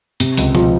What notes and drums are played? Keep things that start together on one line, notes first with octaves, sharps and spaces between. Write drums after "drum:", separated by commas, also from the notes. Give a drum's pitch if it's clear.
C3, drum: hi-hat
C#2, drum: hi-hat
F3, drum: tom B2